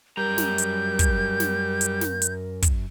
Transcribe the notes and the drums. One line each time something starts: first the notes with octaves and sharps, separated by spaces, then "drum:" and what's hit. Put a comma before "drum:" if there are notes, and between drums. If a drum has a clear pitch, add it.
F#2 G3 A#4 A#5 G6
drum: snare
drum: hi-hat
drum: kick, hi-hat
drum: snare
drum: hi-hat
drum: snare
drum: hi-hat
drum: kick, hi-hat